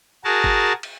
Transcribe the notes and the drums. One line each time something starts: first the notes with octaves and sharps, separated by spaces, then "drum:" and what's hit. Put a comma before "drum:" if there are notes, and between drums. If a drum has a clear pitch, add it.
F#4 G#4 A#4 A5
drum: kick G1
drum: cymbal